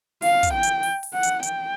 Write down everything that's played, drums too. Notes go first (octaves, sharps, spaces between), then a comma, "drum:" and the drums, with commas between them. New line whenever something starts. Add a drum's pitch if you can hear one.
F5, drum: open hi-hat
drum: kick, hi-hat
G5
drum: hi-hat
drum: open hi-hat
drum: open hi-hat
F#5
drum: hi-hat
G5, drum: hi-hat